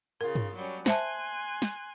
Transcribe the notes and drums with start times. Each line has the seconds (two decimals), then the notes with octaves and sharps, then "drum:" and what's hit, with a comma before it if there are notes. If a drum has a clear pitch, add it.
0.21 C#3 F4 A#4
0.35 drum: tom G2
0.55 F#3 G3 C#4
0.86 C5 E5 G#5 A5 C6 F#6, drum: snare
1.62 drum: snare